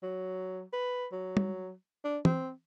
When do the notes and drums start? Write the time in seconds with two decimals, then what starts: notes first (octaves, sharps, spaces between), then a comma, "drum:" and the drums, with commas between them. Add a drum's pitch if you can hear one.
0.02 F#3
0.73 B4
1.12 F#3
1.37 drum: tom G3
2.04 D4
2.25 C4, drum: tom